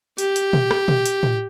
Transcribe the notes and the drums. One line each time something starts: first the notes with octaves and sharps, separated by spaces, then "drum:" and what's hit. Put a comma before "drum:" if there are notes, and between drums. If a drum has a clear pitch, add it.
G4, drum: hi-hat
drum: hi-hat
drum: tom
drum: rim click
drum: tom
drum: hi-hat
drum: tom A2